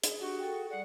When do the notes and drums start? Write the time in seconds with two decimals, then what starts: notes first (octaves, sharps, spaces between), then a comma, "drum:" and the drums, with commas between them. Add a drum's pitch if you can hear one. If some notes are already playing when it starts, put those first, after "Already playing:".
0.04 G#4, drum: hi-hat
0.21 D4 F#4 G4 C#6
0.39 A4 G5
0.70 G3 D5 F#5